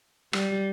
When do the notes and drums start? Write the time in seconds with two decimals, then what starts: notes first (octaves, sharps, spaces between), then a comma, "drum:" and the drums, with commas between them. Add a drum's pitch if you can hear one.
0.33 G3, drum: rim click